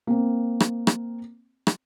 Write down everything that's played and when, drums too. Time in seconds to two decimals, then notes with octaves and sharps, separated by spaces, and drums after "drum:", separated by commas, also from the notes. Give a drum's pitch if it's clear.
0.07 A#3 C4
0.60 drum: rim click
0.87 drum: rim click
1.67 drum: rim click